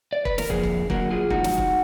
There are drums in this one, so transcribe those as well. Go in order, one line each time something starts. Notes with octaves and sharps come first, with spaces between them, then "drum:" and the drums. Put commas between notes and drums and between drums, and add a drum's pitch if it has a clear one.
D5
B4, drum: kick
A#4, drum: snare
F2 D3 F3 A#3 G#4, drum: kick
drum: kick
D3 F#3 A#3 F#4 A#4, drum: kick
F4 G#4
F#2 F3 G#3 D#4 F#4, drum: kick
drum: snare
drum: kick